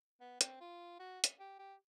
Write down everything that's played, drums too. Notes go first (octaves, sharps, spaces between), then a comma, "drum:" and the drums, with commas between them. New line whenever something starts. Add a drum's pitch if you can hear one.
B3
C4, drum: hi-hat
F4
F#4
drum: hi-hat
G4
G4